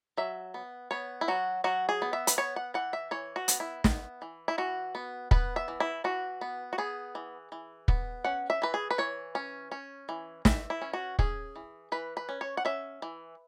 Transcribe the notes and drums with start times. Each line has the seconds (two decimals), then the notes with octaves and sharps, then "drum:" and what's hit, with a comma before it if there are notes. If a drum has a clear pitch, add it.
0.17 F#3 E5
0.54 B3
0.91 B3 C#5
1.21 E4
1.28 F#3 F#4
1.64 F#3 F#4
1.89 G#4
2.02 B3
2.13 E5
2.27 B4, drum: hi-hat
2.38 B3 C#5
2.56 F#5
2.74 E3 F#5
2.93 E5
3.11 E3 C#5
3.36 F#4
3.48 B3, drum: hi-hat
3.60 E4
3.84 B3, drum: snare
4.22 E3
4.48 E4
4.58 E3 F#4
4.95 B3
5.31 B3 B4, drum: kick
5.56 E5
5.68 E3
5.80 E4
6.04 E3 F#4
6.41 B3
6.73 F#4
6.78 B3 G#4
7.15 E3
7.52 E3
7.88 B3, drum: kick
8.25 C#4 F#5
8.50 E5
8.62 E3 B4
8.74 G#4
8.91 B4
8.98 E3 C#5
9.35 C#4
9.72 C#4
10.09 E3
10.45 E3 E5, drum: snare
10.70 E4
10.82 C#4
10.93 F#4
11.19 C#4 G#4, drum: kick
11.56 E3
11.92 E3 B4
12.17 B4
12.29 C#4
12.41 C#5
12.57 F#5
12.65 C#4 E5
13.02 E3